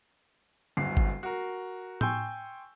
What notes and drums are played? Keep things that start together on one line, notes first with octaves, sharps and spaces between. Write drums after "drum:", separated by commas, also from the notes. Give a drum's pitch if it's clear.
D1 G1 C7
drum: kick G1
F#4 A#4
G5 G#5 C6 C#6 E6 G6, drum: tom A2